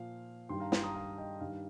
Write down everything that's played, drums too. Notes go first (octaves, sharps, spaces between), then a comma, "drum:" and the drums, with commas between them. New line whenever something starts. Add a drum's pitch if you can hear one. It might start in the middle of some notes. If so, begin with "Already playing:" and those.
Already playing: A#2 F3 F5
G2 D#3 G3 G5 C6
F5 A#5
G5 C6, drum: snare
A#5 D#6
F5 A#5
D#5 G5
G2 D#3 G3 F5